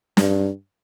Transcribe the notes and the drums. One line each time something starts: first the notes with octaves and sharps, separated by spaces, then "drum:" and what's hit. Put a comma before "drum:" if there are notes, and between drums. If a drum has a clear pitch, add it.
G2, drum: snare